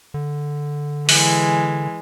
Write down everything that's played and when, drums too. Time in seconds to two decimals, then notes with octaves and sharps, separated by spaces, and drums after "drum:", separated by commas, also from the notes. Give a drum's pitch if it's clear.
0.14 D3
1.09 E3 G#3, drum: open hi-hat